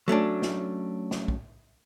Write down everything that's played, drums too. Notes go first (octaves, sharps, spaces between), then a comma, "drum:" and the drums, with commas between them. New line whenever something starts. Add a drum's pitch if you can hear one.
F#3 A3 C#4 D4
drum: snare
drum: snare
drum: kick